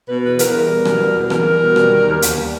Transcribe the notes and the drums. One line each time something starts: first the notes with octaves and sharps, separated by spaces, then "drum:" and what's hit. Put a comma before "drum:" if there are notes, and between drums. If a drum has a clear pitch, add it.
B2 B4
E2 B4
E2 A#4, drum: hi-hat
G3
B2
G3, drum: rim click
B2
E2
E2 A#4, drum: rim click
G3
B2
G3, drum: rim click
D#3
D#2
D#2, drum: hi-hat
G3